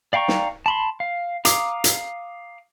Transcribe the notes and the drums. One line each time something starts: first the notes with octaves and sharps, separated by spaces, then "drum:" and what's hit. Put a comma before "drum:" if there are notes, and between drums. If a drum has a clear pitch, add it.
D5 F5 G5 A#5 C#6
drum: snare
A5 B5 C6
F5
F5 A#5 D6 D#6, drum: hi-hat
drum: hi-hat